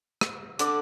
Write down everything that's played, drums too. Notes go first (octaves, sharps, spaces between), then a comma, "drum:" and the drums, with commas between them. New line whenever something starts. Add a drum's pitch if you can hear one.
drum: rim click
D3 D5 D6, drum: hi-hat